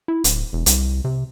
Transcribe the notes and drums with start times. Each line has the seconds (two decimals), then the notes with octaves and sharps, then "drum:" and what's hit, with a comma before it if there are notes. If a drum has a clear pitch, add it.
0.08 E4
0.24 D1, drum: hi-hat
0.53 E1
0.66 C2, drum: hi-hat
1.04 C3